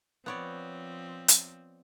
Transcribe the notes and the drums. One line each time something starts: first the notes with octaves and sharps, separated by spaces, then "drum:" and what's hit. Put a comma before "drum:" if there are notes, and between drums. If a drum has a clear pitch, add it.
F3 B3 C4 C#5 D5
drum: hi-hat